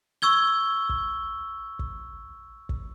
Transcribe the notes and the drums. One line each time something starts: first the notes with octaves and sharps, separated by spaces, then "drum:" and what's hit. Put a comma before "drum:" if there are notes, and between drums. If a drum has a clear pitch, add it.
C#6 E6 G#6 G7
drum: kick
drum: kick
drum: kick